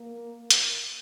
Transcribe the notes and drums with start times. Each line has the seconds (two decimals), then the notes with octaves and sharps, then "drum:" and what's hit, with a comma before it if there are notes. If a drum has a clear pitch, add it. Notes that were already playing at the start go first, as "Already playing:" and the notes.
Already playing: A#3 A#4
0.50 drum: hi-hat